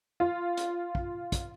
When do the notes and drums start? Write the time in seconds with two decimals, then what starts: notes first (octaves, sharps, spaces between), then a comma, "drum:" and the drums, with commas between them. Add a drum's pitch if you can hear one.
0.20 F4
0.57 drum: hi-hat
0.95 drum: kick
1.32 drum: kick, hi-hat